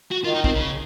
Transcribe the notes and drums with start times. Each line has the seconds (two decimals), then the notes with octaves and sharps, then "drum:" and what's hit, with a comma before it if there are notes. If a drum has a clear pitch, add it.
0.11 F#4
0.24 D#3 F4
0.34 D#4
0.44 C4, drum: kick
0.55 C#3